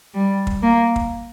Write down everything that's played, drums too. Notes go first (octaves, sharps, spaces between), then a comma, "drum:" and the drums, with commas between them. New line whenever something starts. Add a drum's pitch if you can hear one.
G3
drum: kick
A#3
drum: kick